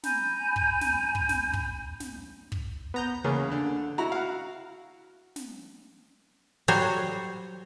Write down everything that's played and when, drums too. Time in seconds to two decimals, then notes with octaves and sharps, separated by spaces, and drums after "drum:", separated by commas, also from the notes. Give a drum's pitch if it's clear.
0.03 G#5 A#5 B5 G6, drum: snare
0.56 drum: kick
0.81 drum: snare
1.15 drum: kick
1.29 drum: snare
1.53 drum: kick
2.00 drum: snare
2.52 drum: kick
2.94 B3 A#5 G6
3.24 E2 C#3 A#3 C#4
3.52 D3
3.98 E4 F#4 A#5
4.12 F5 F#5
5.36 drum: snare
6.68 F#3 G3 C5 C#5